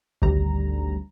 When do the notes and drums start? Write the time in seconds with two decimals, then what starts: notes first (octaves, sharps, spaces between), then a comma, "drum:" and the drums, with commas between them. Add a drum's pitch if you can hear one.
0.22 G#1 D2 G3 A#5, drum: kick A#1